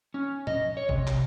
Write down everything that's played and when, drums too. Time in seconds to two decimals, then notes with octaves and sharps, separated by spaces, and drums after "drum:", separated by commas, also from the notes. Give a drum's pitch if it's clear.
0.14 C#4
0.47 D#5, drum: tom A#2
0.77 C#5
0.89 C3, drum: kick
1.07 C3, drum: clap